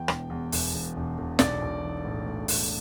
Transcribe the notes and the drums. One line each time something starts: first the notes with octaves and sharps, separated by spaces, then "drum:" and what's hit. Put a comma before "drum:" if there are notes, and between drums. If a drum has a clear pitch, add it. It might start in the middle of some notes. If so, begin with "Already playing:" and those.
Already playing: E2 E3 G5
E1, drum: rim click
E2
E1, drum: open hi-hat
E1
E1
E1
B1 D5, drum: snare
B1
E3
A2
A2
B1, drum: open hi-hat